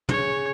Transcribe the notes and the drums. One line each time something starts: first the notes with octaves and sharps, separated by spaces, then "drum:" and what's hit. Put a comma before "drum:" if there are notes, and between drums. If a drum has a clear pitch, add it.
C#3 C#5, drum: tom